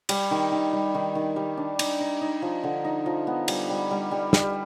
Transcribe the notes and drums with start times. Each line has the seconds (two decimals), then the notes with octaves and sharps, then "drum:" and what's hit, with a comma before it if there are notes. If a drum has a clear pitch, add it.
0.09 G3, drum: cymbal
0.31 D#3
0.52 D#3
0.73 G3
0.95 D#3
1.15 D#3
1.36 G3
1.57 D4
1.79 D#4, drum: cymbal
2.00 D#4
2.21 D#4
2.42 F3
2.63 D3
2.85 D#4
3.06 F3
3.27 B3
3.48 G3, drum: cymbal
3.69 G3
3.91 G3
4.11 G3
4.33 G3, drum: snare